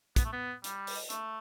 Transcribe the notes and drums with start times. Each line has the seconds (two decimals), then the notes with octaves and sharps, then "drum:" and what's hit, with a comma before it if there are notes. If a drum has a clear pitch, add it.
0.16 B3, drum: kick, hi-hat
0.25 A3
0.33 B3
0.64 G3, drum: hi-hat
0.87 drum: open hi-hat
1.10 A3, drum: hi-hat